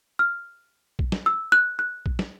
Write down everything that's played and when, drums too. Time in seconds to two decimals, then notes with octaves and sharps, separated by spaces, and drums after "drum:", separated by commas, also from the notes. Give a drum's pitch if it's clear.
0.19 F6
0.99 drum: kick
1.12 drum: snare
1.26 E6
1.52 F#6
1.79 F#6
2.06 drum: kick
2.19 drum: snare